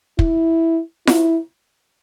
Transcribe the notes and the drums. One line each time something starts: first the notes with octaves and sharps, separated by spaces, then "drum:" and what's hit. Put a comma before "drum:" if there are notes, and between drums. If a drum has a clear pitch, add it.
E4, drum: kick
E4, drum: snare F4